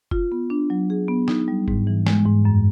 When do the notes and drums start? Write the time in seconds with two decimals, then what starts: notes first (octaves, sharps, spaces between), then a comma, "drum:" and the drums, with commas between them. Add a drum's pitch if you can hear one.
0.11 F4, drum: kick F#1
0.32 B3
0.50 D4
0.70 F#3
0.90 G#4
1.08 B3
1.28 D#4, drum: snare
1.48 G3
1.68 G#2, drum: kick F#1
1.87 E3
2.07 G#3, drum: snare
2.26 G#2
2.45 F#2